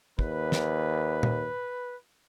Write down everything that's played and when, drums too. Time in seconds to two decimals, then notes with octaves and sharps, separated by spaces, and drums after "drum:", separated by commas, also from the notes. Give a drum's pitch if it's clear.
0.19 D#2 B4, drum: kick
0.52 drum: snare
1.23 drum: tom A#2